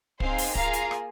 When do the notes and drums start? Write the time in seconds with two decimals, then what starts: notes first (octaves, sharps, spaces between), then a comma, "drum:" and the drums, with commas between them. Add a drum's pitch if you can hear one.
0.20 C4 D#4 G#4 C5 F5, drum: kick
0.38 drum: open hi-hat
0.55 A#3 F4 G#4 F5 A#5, drum: kick
0.73 drum: hi-hat
0.91 drum: rim click